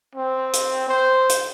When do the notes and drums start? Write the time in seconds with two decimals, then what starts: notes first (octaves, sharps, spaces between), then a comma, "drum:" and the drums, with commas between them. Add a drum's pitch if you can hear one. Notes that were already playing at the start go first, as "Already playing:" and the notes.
0.15 C4
0.53 drum: hi-hat
0.89 C5
1.29 drum: hi-hat